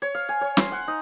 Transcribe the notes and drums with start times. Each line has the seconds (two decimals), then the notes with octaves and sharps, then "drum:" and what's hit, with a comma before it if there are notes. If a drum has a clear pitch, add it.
0.02 C#5
0.15 F5
0.29 G#5
0.41 C#5
0.57 C6, drum: snare
0.72 F#5
0.88 D#4